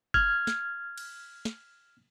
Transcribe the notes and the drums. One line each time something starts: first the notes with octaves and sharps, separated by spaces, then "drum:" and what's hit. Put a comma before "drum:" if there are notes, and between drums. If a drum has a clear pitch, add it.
F6 G#6, drum: kick G1
drum: snare
drum: cymbal
drum: snare